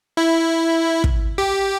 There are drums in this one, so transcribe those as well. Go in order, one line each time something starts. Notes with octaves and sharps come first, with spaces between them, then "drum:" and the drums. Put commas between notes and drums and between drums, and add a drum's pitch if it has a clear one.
E4
drum: kick
G4